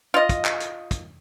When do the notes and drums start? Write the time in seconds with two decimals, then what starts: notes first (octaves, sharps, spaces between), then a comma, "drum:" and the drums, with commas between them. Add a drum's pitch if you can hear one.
0.14 F4 D#5
0.29 drum: kick, hi-hat
0.45 drum: clap
0.60 drum: hi-hat
0.91 drum: kick, hi-hat